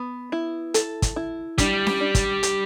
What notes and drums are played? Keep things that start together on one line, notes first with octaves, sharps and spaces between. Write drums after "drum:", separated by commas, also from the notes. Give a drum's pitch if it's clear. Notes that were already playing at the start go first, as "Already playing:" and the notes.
Already playing: B3
E4
A4, drum: hi-hat
drum: kick, hi-hat
E4
G3 D4, drum: kick, hi-hat
drum: snare C#4
D4
drum: kick, hi-hat
G4, drum: hi-hat